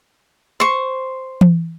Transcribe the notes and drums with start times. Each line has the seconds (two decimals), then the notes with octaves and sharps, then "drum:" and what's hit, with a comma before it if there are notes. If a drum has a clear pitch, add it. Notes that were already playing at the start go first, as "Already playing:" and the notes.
0.60 C5 C#6
1.41 drum: tom E3